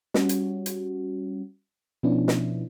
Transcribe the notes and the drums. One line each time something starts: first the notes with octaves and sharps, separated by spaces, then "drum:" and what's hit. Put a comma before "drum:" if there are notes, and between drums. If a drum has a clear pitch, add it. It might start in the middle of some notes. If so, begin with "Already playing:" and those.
G3 C#4 F#4, drum: snare
drum: hi-hat
drum: hi-hat
B2 F3 B3 C#4 D4 E4
drum: snare